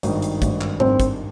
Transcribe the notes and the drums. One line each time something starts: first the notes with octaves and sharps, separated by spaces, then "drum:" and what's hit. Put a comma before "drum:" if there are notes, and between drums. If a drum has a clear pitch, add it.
G#1 G2 D#3, drum: hi-hat
drum: hi-hat
G#1 G2 D#3, drum: kick, hi-hat
drum: clap
G#1 G2 D#3 C4, drum: tom G#2
drum: kick, hi-hat